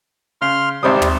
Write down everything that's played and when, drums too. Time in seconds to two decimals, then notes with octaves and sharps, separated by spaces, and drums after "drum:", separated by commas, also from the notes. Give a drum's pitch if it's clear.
0.42 C#3 C6 F6
0.83 G#1 C3 G3 C4 D#6
1.02 drum: tom